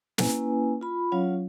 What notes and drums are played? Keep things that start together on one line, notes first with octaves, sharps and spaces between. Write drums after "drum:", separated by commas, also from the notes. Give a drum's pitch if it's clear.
A#3 C#4 E4 B4 G#5, drum: snare
F4 B5
F#3 C#4 F4 C#5 F5